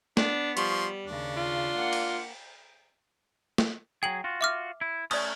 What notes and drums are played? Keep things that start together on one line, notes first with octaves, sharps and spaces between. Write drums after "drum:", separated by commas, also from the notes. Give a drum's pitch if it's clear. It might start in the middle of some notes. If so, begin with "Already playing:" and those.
B3 D4, drum: snare
F3 G3 C6 C#6, drum: hi-hat
D#2 C#3 D4
F4
A#3 F#5
drum: cymbal
drum: snare
F#3 G#4 G5 F#7
F4 F#4
E5 D6 F6
E4
A3 C#4 D5 D#6, drum: cymbal